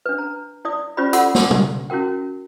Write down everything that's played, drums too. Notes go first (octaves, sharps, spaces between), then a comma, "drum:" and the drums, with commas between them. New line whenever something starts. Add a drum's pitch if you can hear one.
D4 B4
A#5
E4 D5 D#6
C#4 F4 G4 C5 D5 B5
F4 A4 D5 F#5 C6 E6, drum: hi-hat
drum: snare
drum: tom B2
C#4 E4 F#4 A#4 G5